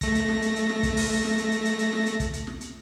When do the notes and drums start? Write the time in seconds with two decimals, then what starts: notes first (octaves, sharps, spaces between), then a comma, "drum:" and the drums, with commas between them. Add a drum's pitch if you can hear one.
0.01 A3 A#6, drum: kick, hi-hat
0.15 drum: hi-hat
0.28 drum: snare
0.42 drum: hi-hat
0.56 drum: hi-hat
0.69 drum: snare
0.83 drum: kick, hi-hat
0.97 drum: open hi-hat
1.24 drum: snare
1.38 drum: hi-hat
1.51 drum: hi-hat
1.65 drum: hi-hat
1.79 drum: hi-hat
1.92 drum: snare
2.06 drum: hi-hat
2.20 drum: kick, hi-hat
2.33 drum: hi-hat
2.47 drum: snare
2.61 drum: hi-hat